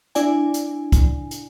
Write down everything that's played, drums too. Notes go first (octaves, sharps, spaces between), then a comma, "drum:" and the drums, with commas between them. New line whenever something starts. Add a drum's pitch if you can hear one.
D4 E4 D5 G#5, drum: hi-hat
drum: hi-hat
drum: kick C#2, hi-hat
drum: hi-hat